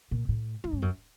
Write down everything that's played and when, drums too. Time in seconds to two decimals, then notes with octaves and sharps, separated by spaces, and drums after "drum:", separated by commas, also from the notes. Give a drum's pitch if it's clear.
0.11 A#2
0.29 A2
0.64 G#2, drum: tom
0.73 G2
0.82 F#2, drum: kick